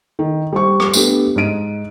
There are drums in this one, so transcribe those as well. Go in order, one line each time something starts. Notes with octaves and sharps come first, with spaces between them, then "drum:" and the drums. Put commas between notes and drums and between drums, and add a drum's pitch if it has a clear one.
D#3
G3 C5 C#6
drum: rim click
A3 B3 D4 G4, drum: tambourine
G#2 D#5 D7 D#7